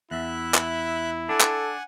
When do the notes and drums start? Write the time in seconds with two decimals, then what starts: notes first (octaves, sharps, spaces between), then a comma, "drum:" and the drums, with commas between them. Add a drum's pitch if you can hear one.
0.11 E2 E4 E5 F#6
0.54 drum: clap
1.29 D4 A4 F#5 G#5
1.40 drum: clap